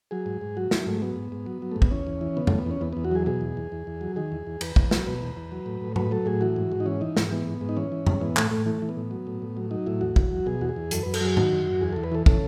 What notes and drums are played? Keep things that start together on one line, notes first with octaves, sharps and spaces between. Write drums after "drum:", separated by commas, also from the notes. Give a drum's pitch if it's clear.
F#3 G#4
G#2
G#2
F#3 F#4
F#3 E4, drum: snare
G#2 A3
F#3 B3
G#2
G#2
F#3
F#3
G#2 A3
B3, drum: kick
E2 C#4
E2
E3
C#3 B3
E2 A3, drum: tom F2
B3
E2 C#4
E2 B3
E2 B3
F#4
F#3 G#4
B2 G#4
E2
E2
E2
E2
F#3
D#3 G#4
E2
E2
E2 B4, drum: cymbal
E2, drum: kick
F#3, drum: snare
B2 B4
E2
E2
F#3
A2
A2
F#3 B4, drum: tom G#2
F#3 A4
A2 G#4
E3 F#4
G#2
G#2
D#4
E3 C#4
E3 D#4
G#2, drum: snare
E3 B3
G#2
G#2
D#4
E3 C#4
E3
G#2, drum: tom F2
E3 B3
A2 A3, drum: clap
A2 A3
E3 A3
E3
B3
A2
F#3
A2
A2
F#3
F#3 D#4
A2 E4
E2 F#4
E2, drum: kick
F#3
B2 G#4
E2 F#4
G#4
E2
F#2 A4, drum: hi-hat
F#2 B4
A4, drum: cymbal
F#3 G#4
D#3 F#4, drum: tom G#2
F#2
F#2
E2 G#4
E2 A4
B4
E3 A4
C#3 A4, drum: kick